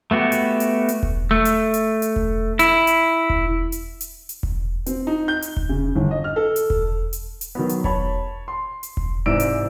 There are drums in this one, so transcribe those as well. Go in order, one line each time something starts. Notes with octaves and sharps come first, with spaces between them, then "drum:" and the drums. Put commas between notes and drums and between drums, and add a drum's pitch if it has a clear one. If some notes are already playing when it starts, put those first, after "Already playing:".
A3 B3 F#4 G4
drum: hi-hat
drum: hi-hat
drum: hi-hat
drum: kick E1
A3
drum: hi-hat
drum: hi-hat
drum: hi-hat
drum: kick E1
E4, drum: hi-hat
drum: hi-hat
drum: kick E1
drum: hi-hat
drum: hi-hat
drum: hi-hat
drum: kick E1
C4, drum: hi-hat
D#4
G6
drum: hi-hat
drum: kick E1
C#3
G1
D#5
F6
A4
drum: hi-hat
drum: kick E1
drum: hi-hat
drum: hi-hat
D#3 F#3 B3
drum: hi-hat
C#5 A5 B5, drum: kick E1
C6
drum: hi-hat
drum: kick E1
G#2 C3 E3 D5 E6 D7
drum: hi-hat